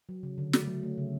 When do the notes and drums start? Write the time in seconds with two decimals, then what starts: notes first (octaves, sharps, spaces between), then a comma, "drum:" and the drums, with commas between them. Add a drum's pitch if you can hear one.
0.09 F#3
0.23 C#3
0.38 D3
0.53 A3, drum: snare
0.68 F#3
0.83 A3
0.98 C#3